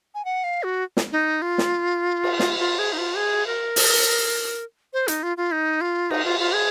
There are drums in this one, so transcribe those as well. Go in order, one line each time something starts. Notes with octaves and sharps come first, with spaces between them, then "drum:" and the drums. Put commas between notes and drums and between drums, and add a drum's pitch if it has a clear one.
G#5
F#5
F5
F#4
drum: snare
D#4
F4
drum: snare
drum: cymbal
drum: snare
F4
G#4
D#4
F4
G#4
A#4
drum: open hi-hat
C5
D#4, drum: hi-hat
F4
F4
D#4
F4
D#4, drum: cymbal
F4
F4
G#4